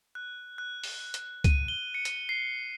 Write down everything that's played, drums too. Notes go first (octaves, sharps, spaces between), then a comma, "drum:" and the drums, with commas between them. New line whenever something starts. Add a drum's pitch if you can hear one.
F#6
F#6
drum: open hi-hat
drum: hi-hat
D#7, drum: kick C#2, hi-hat
G7
C#7
drum: hi-hat
C7